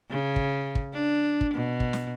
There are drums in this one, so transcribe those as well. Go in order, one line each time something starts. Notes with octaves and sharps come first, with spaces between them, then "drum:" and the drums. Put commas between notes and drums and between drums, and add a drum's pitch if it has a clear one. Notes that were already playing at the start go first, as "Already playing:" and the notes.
C#3
drum: kick
drum: kick
D4
drum: kick
B2
drum: kick
drum: snare